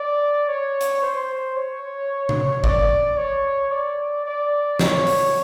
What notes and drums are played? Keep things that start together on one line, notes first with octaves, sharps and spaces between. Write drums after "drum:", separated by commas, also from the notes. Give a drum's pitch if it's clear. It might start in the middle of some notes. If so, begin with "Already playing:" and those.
Already playing: D5
C#5
drum: hi-hat
C5
C#5
drum: tom C3
D5, drum: kick G#1
C#5
D5
D5
C#5, drum: snare
drum: open hi-hat